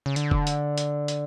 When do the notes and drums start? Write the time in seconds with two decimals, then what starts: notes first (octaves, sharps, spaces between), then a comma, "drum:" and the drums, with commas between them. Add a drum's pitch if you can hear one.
0.06 C#3
0.16 D3, drum: hi-hat
0.31 drum: kick F1
0.47 drum: hi-hat
0.78 drum: hi-hat
1.08 drum: hi-hat